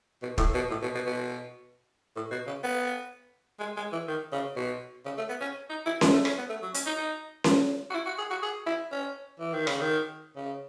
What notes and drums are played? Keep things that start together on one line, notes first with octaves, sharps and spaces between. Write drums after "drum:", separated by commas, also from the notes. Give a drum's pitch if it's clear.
B2
A2, drum: kick
B2
A2
B2
B2
B2
A2
B2
C#3
B3
G#3
G#3
E3
D#3
C#3
B2
C#3
A3
B3
C#4
D#4
E4
G#3, drum: snare C#4
A3
C#4, drum: rim click
B3
A3
F#3
C#4, drum: hi-hat
D#4
D#4
drum: snare C#4
F#4
E4
F#4
G#4
F#4
G#4
E4
C#4
E3
D#3
C#3, drum: rim click
D#3
C#3